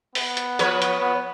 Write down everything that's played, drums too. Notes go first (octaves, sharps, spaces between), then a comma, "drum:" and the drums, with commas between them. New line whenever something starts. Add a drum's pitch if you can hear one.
B3, drum: open hi-hat
drum: hi-hat
F3 B4 C#5, drum: hi-hat
drum: hi-hat
B3